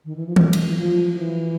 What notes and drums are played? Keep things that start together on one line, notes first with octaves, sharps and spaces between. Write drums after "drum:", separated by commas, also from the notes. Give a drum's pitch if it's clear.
D#3
E3
F3
F#3, drum: tom E3
drum: cymbal
E3
F3
F3
E3